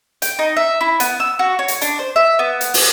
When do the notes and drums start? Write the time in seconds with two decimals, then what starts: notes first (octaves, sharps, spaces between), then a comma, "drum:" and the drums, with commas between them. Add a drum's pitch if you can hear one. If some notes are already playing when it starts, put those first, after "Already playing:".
0.22 G5, drum: hi-hat
0.39 D#4
0.57 E5
0.81 E4
1.00 B3, drum: hi-hat
1.20 E6
1.39 F#4
1.59 C#5
1.68 drum: hi-hat
1.81 D4, drum: hi-hat
1.99 C5
2.16 E5
2.39 B3
2.61 drum: hi-hat
2.74 drum: open hi-hat